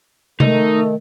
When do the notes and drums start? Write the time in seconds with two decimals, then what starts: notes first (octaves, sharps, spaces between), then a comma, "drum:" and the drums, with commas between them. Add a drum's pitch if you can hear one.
0.40 D#3 A3 D#4, drum: tom C3